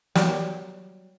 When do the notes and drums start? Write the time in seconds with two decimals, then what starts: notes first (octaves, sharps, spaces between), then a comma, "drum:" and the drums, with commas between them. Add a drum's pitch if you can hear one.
0.15 F#3 G3, drum: snare